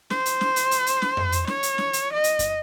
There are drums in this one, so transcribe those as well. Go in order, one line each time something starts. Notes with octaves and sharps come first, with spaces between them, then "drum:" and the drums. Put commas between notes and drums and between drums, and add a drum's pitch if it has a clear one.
C5, drum: snare
drum: hi-hat
drum: snare
drum: hi-hat
drum: hi-hat
drum: hi-hat
drum: snare
drum: tom F2
drum: hi-hat
C#5, drum: snare
drum: hi-hat
drum: snare
drum: hi-hat
D#5
drum: hi-hat
drum: kick F#2, hi-hat